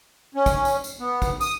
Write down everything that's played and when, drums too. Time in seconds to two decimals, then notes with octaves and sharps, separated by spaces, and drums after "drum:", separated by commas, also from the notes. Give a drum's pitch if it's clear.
0.35 C#4
0.46 drum: kick, tambourine
0.65 drum: tambourine
0.84 drum: tambourine
1.00 B3
1.22 drum: kick, tambourine
1.41 D#6, drum: tambourine